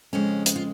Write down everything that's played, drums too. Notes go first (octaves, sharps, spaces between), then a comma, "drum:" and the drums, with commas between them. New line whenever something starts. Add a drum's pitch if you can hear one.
F2 C#3 G#3 C#4
drum: hi-hat
F4